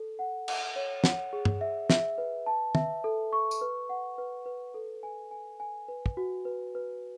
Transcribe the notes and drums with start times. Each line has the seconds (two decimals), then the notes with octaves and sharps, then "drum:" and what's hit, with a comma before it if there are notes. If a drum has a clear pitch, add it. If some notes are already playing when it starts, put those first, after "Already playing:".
Already playing: A4
0.19 F#5
0.48 F#5, drum: cymbal
0.76 C#5
1.04 F#5, drum: snare
1.33 G#4
1.45 drum: tom
1.61 E5
1.90 E5, drum: snare
2.18 B4
2.46 A5
2.75 E5, drum: tom
3.04 A4
3.33 C#6
3.51 drum: tambourine
3.61 B4
3.89 F#5
4.18 B4
4.46 B4
4.74 A4
5.03 G#5
5.31 G#5
5.60 G#5
5.88 B4
6.06 drum: kick
6.17 F#4
6.45 B4
6.75 B4